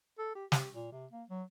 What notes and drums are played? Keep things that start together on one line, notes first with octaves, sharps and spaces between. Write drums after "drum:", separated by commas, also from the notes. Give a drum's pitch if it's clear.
A4
G4
G4, drum: snare
A#2
C3
A#3
F#3